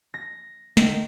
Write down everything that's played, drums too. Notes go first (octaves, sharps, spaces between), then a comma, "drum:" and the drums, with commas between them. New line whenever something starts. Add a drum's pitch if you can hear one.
A#6
D3 D#3, drum: snare